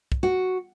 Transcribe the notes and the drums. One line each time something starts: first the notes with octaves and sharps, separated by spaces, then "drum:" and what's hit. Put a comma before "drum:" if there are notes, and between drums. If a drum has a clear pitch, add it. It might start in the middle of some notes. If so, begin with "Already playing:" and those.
drum: kick
F#4